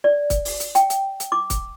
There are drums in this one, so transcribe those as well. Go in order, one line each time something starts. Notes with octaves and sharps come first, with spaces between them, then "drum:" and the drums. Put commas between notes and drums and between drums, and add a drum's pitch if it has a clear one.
D5
drum: kick, hi-hat
drum: open hi-hat
drum: hi-hat
G5, drum: hi-hat
drum: hi-hat
drum: hi-hat
D6
drum: kick, hi-hat